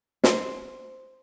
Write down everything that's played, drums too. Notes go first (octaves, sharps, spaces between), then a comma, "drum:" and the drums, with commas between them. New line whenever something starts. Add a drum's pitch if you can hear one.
C5, drum: snare